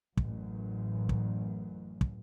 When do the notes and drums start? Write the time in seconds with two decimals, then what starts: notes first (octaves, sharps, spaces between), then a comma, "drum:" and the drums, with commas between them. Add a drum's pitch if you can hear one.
0.17 A1 F#2, drum: kick
1.09 drum: kick
2.01 drum: kick